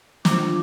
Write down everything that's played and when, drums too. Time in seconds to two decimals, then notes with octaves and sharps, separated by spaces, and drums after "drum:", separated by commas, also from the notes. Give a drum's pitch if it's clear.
0.25 D4 F4 C5 D6, drum: snare
0.40 D6